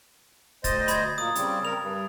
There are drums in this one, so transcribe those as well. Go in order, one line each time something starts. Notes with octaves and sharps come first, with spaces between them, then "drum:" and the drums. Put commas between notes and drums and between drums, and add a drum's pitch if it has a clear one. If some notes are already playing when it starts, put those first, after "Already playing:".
D2 C5 D#5 A6, drum: kick, hi-hat
B5 G#6, drum: hi-hat
A#2 A#3 D#6
C#3 G3 C4, drum: hi-hat
C4 A#4 F7
G2